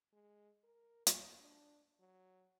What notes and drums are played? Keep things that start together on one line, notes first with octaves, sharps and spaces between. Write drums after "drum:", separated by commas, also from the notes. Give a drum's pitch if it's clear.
G#3
A#4
F#3, drum: hi-hat
D4
F#3